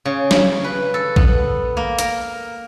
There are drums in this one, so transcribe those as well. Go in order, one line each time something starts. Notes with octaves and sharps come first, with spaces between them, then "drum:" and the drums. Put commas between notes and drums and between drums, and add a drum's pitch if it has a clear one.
C#3
drum: snare
B4
A4
B3, drum: kick A#1
A#3
A#4, drum: hi-hat